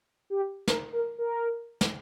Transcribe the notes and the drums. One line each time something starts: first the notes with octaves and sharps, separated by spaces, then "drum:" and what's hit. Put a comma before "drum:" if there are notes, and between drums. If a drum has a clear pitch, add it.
G4
A#4, drum: snare
A#4
A#4
drum: snare